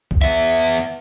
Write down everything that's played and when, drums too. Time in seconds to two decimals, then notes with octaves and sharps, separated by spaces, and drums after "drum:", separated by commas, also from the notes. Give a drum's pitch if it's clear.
0.11 drum: kick C2
0.22 B3 E5